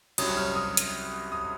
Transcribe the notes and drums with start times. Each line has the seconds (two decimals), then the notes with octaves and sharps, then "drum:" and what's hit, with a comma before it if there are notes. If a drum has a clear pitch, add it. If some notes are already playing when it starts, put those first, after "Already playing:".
0.18 C2 C3 F#3 C#4 D#6, drum: cymbal
0.37 F6
0.55 D#6
0.77 drum: hi-hat
1.32 D#6